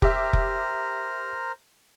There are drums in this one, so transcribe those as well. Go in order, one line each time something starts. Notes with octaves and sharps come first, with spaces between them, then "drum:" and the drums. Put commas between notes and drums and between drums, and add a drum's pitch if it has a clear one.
G4 A#4 C5 E5 A#5, drum: kick F1
drum: kick F1